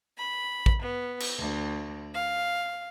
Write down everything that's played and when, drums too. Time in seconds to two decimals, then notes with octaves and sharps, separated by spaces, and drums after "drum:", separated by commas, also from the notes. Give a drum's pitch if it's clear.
0.18 B5
0.66 drum: kick A1
0.83 B3
1.20 drum: cymbal
1.38 D2
2.14 F5